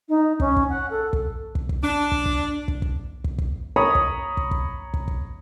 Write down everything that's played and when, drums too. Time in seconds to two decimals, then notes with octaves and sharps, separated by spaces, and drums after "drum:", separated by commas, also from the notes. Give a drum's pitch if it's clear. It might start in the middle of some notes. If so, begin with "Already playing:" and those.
0.09 D#4
0.40 C#4, drum: kick
0.56 drum: kick
0.69 F#5
0.90 A4
1.13 drum: kick
1.55 drum: kick
1.69 drum: kick
1.83 D4
2.12 drum: kick
2.26 drum: kick
2.68 drum: kick
2.82 drum: kick
3.24 drum: kick
3.38 drum: kick
3.76 C#5 A#5 B5 C#6 D#6
3.95 drum: kick
4.37 drum: kick
4.51 drum: kick
4.94 drum: kick
5.08 drum: kick